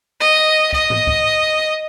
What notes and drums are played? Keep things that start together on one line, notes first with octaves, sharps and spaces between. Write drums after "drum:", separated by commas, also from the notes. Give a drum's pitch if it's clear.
D#5
D#5, drum: kick
drum: tom G#2
drum: kick